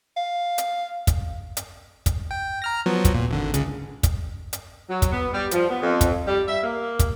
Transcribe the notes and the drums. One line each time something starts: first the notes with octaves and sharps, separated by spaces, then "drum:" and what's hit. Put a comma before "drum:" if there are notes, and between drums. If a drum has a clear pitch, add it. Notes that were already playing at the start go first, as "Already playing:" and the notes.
F5
drum: hi-hat
drum: kick, hi-hat
drum: hi-hat
drum: kick, hi-hat
G5
A#5 F6 A#6
F3 F#3 B3
drum: kick, hi-hat
A#2
G#1 D3
C#2 C#3, drum: hi-hat
drum: kick, hi-hat
drum: hi-hat
F#3
drum: kick, hi-hat
B3
G3
F3, drum: hi-hat
B3
F2
drum: kick, hi-hat
G3
E5
A#3
drum: kick, hi-hat